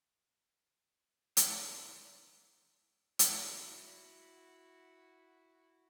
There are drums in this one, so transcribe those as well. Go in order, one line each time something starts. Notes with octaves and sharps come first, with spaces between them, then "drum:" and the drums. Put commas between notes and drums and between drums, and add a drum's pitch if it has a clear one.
D3 E3 A3 A#3 D4 C5, drum: hi-hat
E4 F#4, drum: hi-hat